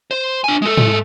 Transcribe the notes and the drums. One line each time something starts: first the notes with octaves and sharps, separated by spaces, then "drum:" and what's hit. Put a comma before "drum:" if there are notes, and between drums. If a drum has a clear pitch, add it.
C5
D4 G#5
G#3 A4
drum: tom G#2